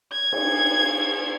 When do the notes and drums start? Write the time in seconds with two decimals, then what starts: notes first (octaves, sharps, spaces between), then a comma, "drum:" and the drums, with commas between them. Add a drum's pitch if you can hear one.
0.13 G#6
0.32 drum: cymbal